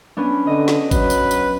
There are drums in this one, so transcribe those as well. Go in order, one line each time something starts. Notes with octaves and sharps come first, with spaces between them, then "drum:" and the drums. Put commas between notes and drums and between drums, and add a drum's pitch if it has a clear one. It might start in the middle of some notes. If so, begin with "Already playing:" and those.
B3 C#4 D4
D3 D#5
drum: snare
F#3 B4, drum: kick G#1, tambourine
drum: tambourine
drum: tambourine